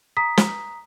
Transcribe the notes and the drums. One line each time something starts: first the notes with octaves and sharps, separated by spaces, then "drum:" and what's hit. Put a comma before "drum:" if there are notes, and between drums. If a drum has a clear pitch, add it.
A#5 D#6 B6
drum: snare